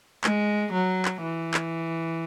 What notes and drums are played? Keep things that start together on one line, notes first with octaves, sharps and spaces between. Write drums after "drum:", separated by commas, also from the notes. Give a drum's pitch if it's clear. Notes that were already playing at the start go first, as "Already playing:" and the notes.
G#3, drum: clap
F#3
drum: clap
E3
drum: clap